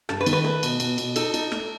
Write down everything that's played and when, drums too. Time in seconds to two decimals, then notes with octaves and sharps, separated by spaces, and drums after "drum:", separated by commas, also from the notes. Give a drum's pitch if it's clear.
0.09 G2 A4, drum: rim click
0.21 B4
0.26 D#3, drum: cymbal
0.33 B4
0.44 A3 B4
0.63 B2, drum: cymbal
0.80 B2, drum: cymbal
0.98 B2, drum: cymbal
1.16 D#4 A4, drum: cymbal
1.34 D#4, drum: cymbal
1.52 A3, drum: rim click